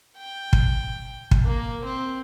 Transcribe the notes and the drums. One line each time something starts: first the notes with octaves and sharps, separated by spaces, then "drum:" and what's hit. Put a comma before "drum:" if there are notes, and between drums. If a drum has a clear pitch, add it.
G5
drum: kick
drum: kick
A#3
C4